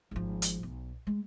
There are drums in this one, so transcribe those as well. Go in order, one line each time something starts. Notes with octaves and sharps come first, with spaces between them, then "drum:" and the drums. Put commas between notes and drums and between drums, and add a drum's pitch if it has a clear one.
G#1 F3
drum: hi-hat
B1
G#3